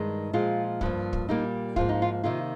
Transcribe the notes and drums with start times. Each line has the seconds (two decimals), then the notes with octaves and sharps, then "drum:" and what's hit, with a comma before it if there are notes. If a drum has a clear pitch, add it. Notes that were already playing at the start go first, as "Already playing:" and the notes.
Already playing: G2 D#3 G#3
0.33 A#2 F3 G#3 F4
0.81 G2 F3 A#3, drum: kick
1.13 drum: kick
1.28 A#2 G3 A#3 D#4
1.76 G#2 F3 A#3 F4, drum: kick
1.89 D#4
2.02 F4
2.24 C3 D#3 A#3 F4